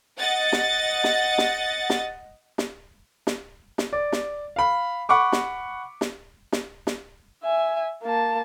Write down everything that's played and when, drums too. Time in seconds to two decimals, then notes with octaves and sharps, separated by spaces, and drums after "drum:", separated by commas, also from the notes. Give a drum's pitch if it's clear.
0.18 D#5 F#5 A6
0.52 drum: snare
1.04 drum: snare
1.38 drum: snare
1.90 drum: snare
2.58 drum: snare
3.27 drum: snare
3.78 drum: snare
3.93 D5
4.12 drum: snare
4.56 F5 B5
5.09 F#5 B5 C#6 D6
5.32 drum: snare
6.01 drum: snare
6.52 drum: snare
6.87 drum: snare
7.43 E5 G#5
8.03 A#3 A5